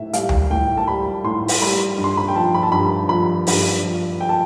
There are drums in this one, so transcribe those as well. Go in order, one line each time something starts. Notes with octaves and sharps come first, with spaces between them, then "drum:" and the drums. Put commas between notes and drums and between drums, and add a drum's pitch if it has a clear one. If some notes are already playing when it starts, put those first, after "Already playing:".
Already playing: A2 E5
G3 F5, drum: hi-hat
drum: tom D2
A2 G5
A5
G3 B5
A2 C6
drum: open hi-hat
G3 B5
G2
C6
B5
G5
F3 A5
B5
A5
G2 B5
F3 B5
G2, drum: open hi-hat
F3
G5
A5